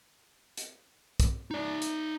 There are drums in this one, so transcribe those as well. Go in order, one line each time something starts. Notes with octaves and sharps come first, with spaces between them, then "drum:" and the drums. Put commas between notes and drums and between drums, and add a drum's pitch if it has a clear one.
drum: hi-hat
drum: kick, hi-hat
D#4 D5
drum: hi-hat